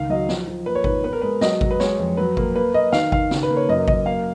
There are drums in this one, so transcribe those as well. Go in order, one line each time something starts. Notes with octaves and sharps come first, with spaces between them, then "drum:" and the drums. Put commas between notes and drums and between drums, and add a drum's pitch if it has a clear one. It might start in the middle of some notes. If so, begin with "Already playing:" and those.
Already playing: C#2 D#3 F5
F#3 D#5
F3, drum: snare
F3
A#3 B4
C#5
G#2 B4, drum: kick G#1
B3 B4
A#4
G#3 B4
F#3 D#5, drum: snare
F#3, drum: kick G#1
B4
G#3 C#5, drum: snare
F2
F#3 B4
A#3, drum: kick G#1
A#3 B4
A#3 D#5
D#3 F5, drum: snare
D#3 F5, drum: kick G#1
C#3, drum: snare
B4
A#3
C#5
F#2 D#5
F#2 D#5, drum: kick G#1
A#3 F5